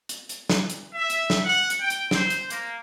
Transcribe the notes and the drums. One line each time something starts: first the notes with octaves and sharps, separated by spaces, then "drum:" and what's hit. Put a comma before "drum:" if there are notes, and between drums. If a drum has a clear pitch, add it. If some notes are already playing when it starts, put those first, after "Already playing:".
drum: hi-hat
drum: hi-hat
drum: snare
drum: hi-hat
E5
drum: hi-hat
drum: snare
F#5
drum: hi-hat
G5
drum: hi-hat
C5, drum: snare
drum: hi-hat
A#3, drum: hi-hat